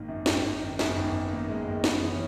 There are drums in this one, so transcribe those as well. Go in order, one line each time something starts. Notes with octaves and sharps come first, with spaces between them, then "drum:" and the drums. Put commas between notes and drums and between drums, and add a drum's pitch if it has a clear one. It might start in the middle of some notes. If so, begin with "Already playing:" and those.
Already playing: G#1 D#3 A#3
F#2
G#1, drum: snare
G#1
D#3
F#2 B3, drum: snare
G#1
G#1
D#3 A#3
F#2 G#3
G#1 A#3
F#1 B3, drum: snare
E3
C#4